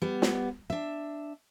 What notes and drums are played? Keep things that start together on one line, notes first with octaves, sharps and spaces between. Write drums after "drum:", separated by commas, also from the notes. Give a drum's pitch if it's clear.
G3 B3
drum: snare
D4 E5